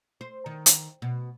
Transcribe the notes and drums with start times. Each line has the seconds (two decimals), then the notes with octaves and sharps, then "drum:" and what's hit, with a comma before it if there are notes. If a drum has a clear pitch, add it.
0.21 C5
0.46 D#3
0.66 drum: hi-hat
1.02 B2